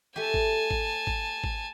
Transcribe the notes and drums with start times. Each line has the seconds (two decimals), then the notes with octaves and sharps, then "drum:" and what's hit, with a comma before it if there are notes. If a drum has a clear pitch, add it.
0.16 A3 G4 G#5 A5
0.34 drum: kick G#1
0.71 drum: kick G#1
1.07 drum: kick G#1
1.44 drum: kick G#1